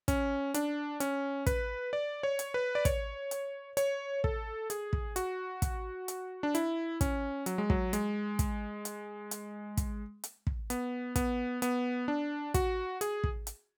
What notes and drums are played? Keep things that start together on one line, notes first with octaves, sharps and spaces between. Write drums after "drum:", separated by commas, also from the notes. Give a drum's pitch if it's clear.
C#4, drum: kick, hi-hat
D4, drum: hi-hat
C#4, drum: hi-hat
B4, drum: kick, hi-hat
D5
C#5
drum: hi-hat
B4
D5
C#5, drum: kick, hi-hat
drum: hi-hat
C#5, drum: hi-hat
A4, drum: kick
G#4, drum: hi-hat
drum: kick
F#4, drum: hi-hat
drum: kick, hi-hat
drum: hi-hat
D4
E4, drum: hi-hat
C#4, drum: kick, hi-hat
F#3, drum: hi-hat
G#3
F#3, drum: kick
G#3, drum: hi-hat
drum: kick, hi-hat
drum: hi-hat
drum: hi-hat
drum: kick, hi-hat
drum: hi-hat
drum: kick
B3, drum: hi-hat
B3, drum: kick, hi-hat
B3, drum: hi-hat
D4
F#4, drum: kick, hi-hat
G#4, drum: hi-hat
drum: kick
drum: hi-hat